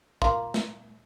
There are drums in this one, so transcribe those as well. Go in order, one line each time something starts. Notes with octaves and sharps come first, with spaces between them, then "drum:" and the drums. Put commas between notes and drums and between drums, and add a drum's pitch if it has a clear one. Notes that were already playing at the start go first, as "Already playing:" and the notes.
A#3 F4, drum: kick
drum: snare